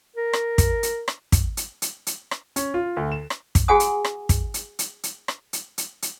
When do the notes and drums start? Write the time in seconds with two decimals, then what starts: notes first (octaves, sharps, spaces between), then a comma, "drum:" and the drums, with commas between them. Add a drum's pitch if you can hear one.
0.17 A#4
0.33 drum: rim click
0.58 drum: kick, hi-hat
0.83 drum: hi-hat
1.08 drum: rim click
1.32 drum: kick, hi-hat
1.57 drum: hi-hat
1.82 drum: hi-hat
2.07 drum: hi-hat
2.31 drum: rim click
2.56 C#4, drum: hi-hat
2.74 F4
2.97 D2
3.12 E7
3.30 drum: rim click
3.55 drum: kick, hi-hat
3.68 F#4 G#4 F#5 G#5 D#6
3.80 drum: hi-hat
4.05 drum: rim click
4.29 drum: kick, hi-hat
4.54 drum: hi-hat
4.79 drum: hi-hat
5.03 drum: hi-hat
5.28 drum: rim click
5.53 drum: hi-hat
5.78 drum: hi-hat
6.02 drum: hi-hat